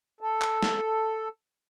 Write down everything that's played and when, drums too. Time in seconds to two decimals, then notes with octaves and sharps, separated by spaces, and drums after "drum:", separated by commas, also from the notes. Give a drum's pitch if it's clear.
0.21 A4
0.42 drum: clap
0.63 drum: snare